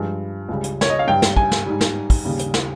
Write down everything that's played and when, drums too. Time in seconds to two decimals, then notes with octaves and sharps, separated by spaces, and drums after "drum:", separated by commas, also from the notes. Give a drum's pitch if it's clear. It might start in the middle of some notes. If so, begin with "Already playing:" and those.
Already playing: G2 F3 G#3
0.49 C#2 C#3 G3
0.64 drum: hi-hat
0.81 C#5, drum: snare
0.90 D#5
0.99 F5
1.07 G2 G3 G5
1.22 drum: snare
1.36 G#5, drum: kick
1.51 drum: snare
1.66 G#2 G3
1.81 drum: snare
2.10 drum: kick, open hi-hat
2.25 D#2 C#3 G3
2.39 drum: hi-hat
2.54 drum: snare